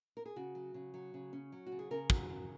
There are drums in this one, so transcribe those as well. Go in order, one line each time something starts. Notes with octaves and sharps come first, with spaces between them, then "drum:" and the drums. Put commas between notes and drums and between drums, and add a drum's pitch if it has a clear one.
A#4
G#4
C#3 F#4
F#3
C#3
F#3
C#3
C#4
F#3
F#4
C#3
G#4
C#3 A#4
F#3, drum: kick
C#3